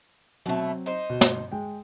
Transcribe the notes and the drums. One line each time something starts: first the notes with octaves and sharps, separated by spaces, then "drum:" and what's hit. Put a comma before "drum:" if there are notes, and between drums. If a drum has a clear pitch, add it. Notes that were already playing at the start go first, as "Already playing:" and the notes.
B2 F#3 A3 C4
D#4 C5
B2
drum: snare
G#3 G5